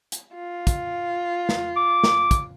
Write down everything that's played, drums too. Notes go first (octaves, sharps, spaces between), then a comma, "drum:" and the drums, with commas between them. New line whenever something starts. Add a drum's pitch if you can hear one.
drum: hi-hat
F4
drum: kick, hi-hat
drum: snare
D6
drum: snare
drum: kick, hi-hat